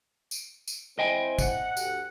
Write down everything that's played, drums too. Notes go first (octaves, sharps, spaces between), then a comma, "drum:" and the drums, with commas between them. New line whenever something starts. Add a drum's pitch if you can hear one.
drum: tambourine
drum: tambourine
C4 E4 C5 D#5 G5 G#5
F#5, drum: kick, tambourine
D2 G4, drum: tambourine